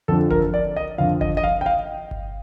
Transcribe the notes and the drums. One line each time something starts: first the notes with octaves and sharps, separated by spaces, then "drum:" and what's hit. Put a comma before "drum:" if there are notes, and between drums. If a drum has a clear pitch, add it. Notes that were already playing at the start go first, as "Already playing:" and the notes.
F2 D3 F3 A4
A#4, drum: kick G1
D5
D#5
F2 D3 F3 F5
D#5, drum: kick G1
D#5
F5
G5
F5
drum: kick G1